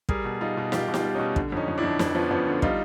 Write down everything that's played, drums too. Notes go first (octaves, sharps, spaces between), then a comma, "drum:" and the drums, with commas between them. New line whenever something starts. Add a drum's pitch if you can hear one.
G3 G#4 A#4, drum: kick
B2
G3 D#4 F4
B2
B2 F4 G4, drum: snare
B2
F4 G4, drum: snare
G3
B2 C#4 D#4
D3, drum: kick
F2 C#4 D#4
F2
D4 E4
F2
F2 D4 E4, drum: snare
F3 B3 C#4
F2 B3 C#4
D3
G3 D#4 F4, drum: kick